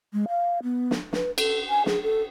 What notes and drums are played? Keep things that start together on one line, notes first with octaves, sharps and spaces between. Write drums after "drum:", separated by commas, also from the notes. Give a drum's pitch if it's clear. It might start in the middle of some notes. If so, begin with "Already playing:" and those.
G#3
F5
B3
drum: snare
B4, drum: snare
A4, drum: cymbal
G#5
G#4, drum: snare
A4